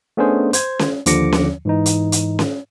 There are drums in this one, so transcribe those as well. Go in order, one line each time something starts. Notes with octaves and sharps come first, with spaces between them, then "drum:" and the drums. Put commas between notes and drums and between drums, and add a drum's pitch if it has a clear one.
A3 B3 C#4 D4 G#4 C5
C5 G#6, drum: hi-hat
drum: snare C#4
D#2 D3 F3 D6 A#6 C#7, drum: hi-hat
drum: snare C#4
G#2 E3 D#4
drum: hi-hat
drum: hi-hat
drum: snare C#4